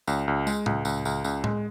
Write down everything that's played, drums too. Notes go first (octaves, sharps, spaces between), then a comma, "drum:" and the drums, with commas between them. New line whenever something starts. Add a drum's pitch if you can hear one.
C#2, drum: tambourine
C#2
G#3, drum: tambourine
C#2, drum: tom A2
C#2, drum: tambourine
C#2, drum: tambourine
C#2, drum: tambourine
G#3, drum: tom A2